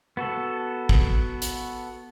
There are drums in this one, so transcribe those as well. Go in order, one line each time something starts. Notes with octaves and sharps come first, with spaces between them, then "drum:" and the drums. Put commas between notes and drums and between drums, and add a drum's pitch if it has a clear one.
B3 F#4 A4
drum: kick
drum: hi-hat